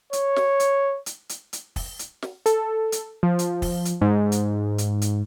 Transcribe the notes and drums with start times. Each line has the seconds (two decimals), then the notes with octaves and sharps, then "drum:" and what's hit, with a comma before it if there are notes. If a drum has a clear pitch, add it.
0.13 C#5, drum: hi-hat
0.36 drum: snare
0.60 drum: hi-hat
1.06 drum: hi-hat
1.29 drum: hi-hat
1.53 drum: hi-hat
1.76 drum: kick, open hi-hat
1.99 drum: hi-hat
2.22 drum: snare
2.46 A4, drum: hi-hat
2.92 drum: hi-hat
3.23 F3
3.39 drum: hi-hat
3.62 drum: kick, open hi-hat
3.85 drum: hi-hat
4.01 G#2
4.32 drum: hi-hat
4.78 drum: hi-hat
5.02 drum: hi-hat